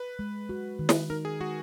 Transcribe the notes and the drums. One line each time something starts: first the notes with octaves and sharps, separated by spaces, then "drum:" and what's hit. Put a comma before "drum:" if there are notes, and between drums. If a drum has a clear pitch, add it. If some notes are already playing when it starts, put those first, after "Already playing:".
Already playing: B4
G#3
F#4
D#3
drum: snare
D#4 A#4
G#4
G#3 F#4